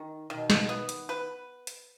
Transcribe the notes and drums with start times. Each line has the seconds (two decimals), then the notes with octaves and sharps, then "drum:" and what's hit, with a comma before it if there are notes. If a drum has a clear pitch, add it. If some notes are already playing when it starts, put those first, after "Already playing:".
Already playing: D#3
0.30 B2 D#3
0.50 drum: snare
0.69 B3
0.89 drum: hi-hat
1.09 B4
1.67 drum: hi-hat